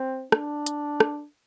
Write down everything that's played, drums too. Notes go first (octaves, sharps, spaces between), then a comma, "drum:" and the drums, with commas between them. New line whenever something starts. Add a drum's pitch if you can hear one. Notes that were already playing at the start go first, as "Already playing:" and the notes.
Already playing: C4
D4, drum: rim click
drum: hi-hat
drum: rim click